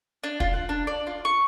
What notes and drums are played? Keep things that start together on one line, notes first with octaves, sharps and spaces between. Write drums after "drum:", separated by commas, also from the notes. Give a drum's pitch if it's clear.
D4
F4, drum: kick
F#5
D4
D5
F4
C#6